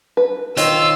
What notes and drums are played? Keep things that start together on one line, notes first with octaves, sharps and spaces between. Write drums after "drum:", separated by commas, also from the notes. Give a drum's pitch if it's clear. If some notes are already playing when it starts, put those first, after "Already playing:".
B4
D#3 F4 C5 C#5 E6, drum: hi-hat